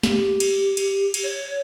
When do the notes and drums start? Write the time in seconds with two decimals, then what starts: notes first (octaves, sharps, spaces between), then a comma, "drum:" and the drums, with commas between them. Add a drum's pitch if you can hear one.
0.03 G4, drum: snare
0.40 drum: cymbal
0.77 drum: cymbal
1.14 drum: cymbal
1.23 C#5